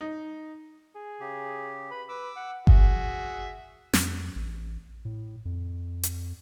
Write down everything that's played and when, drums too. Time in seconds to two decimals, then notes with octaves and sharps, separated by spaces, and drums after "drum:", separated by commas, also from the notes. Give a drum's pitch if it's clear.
0.01 D#4
0.96 G#4
1.20 C#3 G4
1.91 B4 B5
2.09 B4 D6 E6
2.36 F#5
2.67 F#4 G#4 E5, drum: kick G1
3.93 F2, drum: snare
4.35 A1
5.05 A2
5.45 F2
6.03 drum: hi-hat